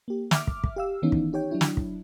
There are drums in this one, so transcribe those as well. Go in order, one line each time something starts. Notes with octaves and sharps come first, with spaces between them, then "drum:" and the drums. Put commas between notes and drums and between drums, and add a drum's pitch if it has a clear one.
A#3 G4
E5 D6 F6, drum: snare
drum: kick
drum: kick
G4 F5 E6
D#3 E3 B3 C#4 D#4
drum: kick
D#4 G4 C#5 G5
F#3 D4 E4
drum: snare
drum: kick